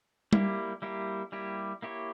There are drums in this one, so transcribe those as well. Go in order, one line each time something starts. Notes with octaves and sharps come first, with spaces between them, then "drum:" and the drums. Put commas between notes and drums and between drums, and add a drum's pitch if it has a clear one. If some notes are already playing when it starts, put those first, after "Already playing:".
G3 A#3 E4 G4, drum: tom G3
G3 A#3 E4 G4
G3 A#3 E4 G4
A#3 E4 G4 C#5